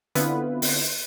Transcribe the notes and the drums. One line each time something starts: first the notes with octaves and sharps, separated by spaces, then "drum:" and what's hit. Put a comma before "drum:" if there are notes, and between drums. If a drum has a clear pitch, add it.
D3 B3 C4 E4 F4 B4, drum: hi-hat
drum: open hi-hat